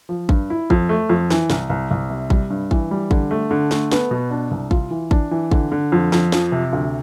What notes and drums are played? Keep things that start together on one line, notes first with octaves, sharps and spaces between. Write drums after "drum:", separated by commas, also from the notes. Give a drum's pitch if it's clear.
F3
G2, drum: kick A1
E4
F2, drum: kick A1
A3
F2
E3, drum: snare
C2, drum: snare
C2
C2
C3
G3, drum: kick A1
G2
E3, drum: kick A1
G3
D3, drum: kick A1
A3
D3
A3, drum: snare
B3, drum: snare
B2
D4
C2
F4, drum: kick A1
E3
D4, drum: kick A1
E3
D3, drum: kick A1
D3
F2
F2, drum: snare
F3, drum: snare
C3
D2